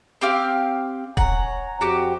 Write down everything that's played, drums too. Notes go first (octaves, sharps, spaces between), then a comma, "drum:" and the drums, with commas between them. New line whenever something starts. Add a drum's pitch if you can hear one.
C4 G4 F5
C#5 F#5 G#5 A#5, drum: kick D#1
F2 F#4 G4